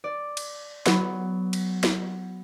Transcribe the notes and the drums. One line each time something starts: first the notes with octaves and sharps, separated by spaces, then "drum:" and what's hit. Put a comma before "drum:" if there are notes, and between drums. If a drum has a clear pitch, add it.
D5
drum: cymbal
F#3 B3, drum: snare
drum: cymbal
drum: snare